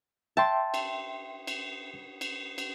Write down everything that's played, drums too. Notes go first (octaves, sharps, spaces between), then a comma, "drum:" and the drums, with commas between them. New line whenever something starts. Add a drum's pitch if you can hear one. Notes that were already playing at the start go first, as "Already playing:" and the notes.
E5 G5 A5 C6
drum: cymbal
drum: cymbal
drum: cymbal
drum: cymbal